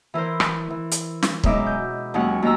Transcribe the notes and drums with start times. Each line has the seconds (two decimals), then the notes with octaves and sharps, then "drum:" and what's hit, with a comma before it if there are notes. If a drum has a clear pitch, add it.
0.14 E3 E4 A#4 C5
0.40 drum: rim click
0.70 E3
0.92 drum: hi-hat
1.23 drum: snare
1.44 F#2 B2 G#3 D#4 E5 D6, drum: kick
1.66 G6
2.14 D#2 F#3 G#3 C#4 F#5 C#6
2.43 D#2 F#4 A#5 E6